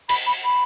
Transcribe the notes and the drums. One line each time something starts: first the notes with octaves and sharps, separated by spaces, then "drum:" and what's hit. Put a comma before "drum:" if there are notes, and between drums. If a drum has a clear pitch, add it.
B5, drum: cymbal
B5
B5